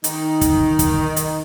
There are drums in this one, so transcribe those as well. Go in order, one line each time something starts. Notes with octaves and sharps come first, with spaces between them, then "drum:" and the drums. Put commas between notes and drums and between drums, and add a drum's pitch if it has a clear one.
D#3 D#4, drum: hi-hat
drum: kick, hi-hat
drum: kick, hi-hat
drum: hi-hat